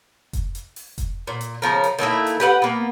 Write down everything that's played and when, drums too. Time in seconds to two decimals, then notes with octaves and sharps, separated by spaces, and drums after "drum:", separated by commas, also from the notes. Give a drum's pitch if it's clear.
0.33 drum: kick F1, hi-hat
0.55 drum: hi-hat
0.76 drum: open hi-hat
0.98 drum: kick F1, hi-hat
1.27 A#2
1.41 drum: hi-hat
1.62 C#3 F3 A#4
1.84 drum: hi-hat
1.99 D#3 A3 A#3 E4
2.26 drum: hi-hat
2.40 G4 B4 F#5
2.62 A#3 B3